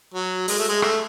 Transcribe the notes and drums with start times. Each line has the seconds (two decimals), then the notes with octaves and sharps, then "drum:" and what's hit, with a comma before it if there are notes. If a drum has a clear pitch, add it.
0.14 F#3
0.48 G#3, drum: open hi-hat
0.58 A3
0.69 G#3
0.82 A3, drum: rim click